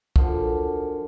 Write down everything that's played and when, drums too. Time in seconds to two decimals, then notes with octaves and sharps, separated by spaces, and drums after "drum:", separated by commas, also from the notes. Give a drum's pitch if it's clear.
0.16 F#2 D3 F3 F4, drum: kick